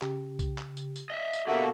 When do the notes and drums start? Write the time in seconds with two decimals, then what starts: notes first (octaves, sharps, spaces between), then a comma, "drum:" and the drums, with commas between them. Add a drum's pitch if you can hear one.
0.02 C#3 G4, drum: clap
0.39 drum: kick C2, tambourine
0.58 drum: clap
0.77 drum: tambourine
0.96 drum: tambourine
1.10 D#5 E5
1.33 drum: tambourine
1.47 B2 D3 A#3 F#4 G4 A4 E5 F#5